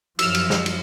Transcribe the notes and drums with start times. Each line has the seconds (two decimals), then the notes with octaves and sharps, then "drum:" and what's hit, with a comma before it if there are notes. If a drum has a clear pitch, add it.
0.19 F#2 F3 E6 F6, drum: cymbal
0.35 drum: cymbal
0.50 drum: snare
0.66 drum: cymbal